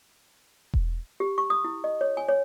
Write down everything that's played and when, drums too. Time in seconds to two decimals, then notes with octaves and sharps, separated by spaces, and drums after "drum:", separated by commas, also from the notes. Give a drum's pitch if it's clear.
0.74 drum: kick E1
1.20 G4
1.38 C#6
1.50 D#6
1.64 E4
1.84 D#5
2.01 C#5
2.17 G#5
2.29 C#5